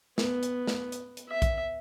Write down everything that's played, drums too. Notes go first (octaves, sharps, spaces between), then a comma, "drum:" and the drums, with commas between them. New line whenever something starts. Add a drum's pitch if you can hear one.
B3, drum: snare
drum: hi-hat
drum: snare
drum: hi-hat
drum: hi-hat
E5
drum: kick A#1, hi-hat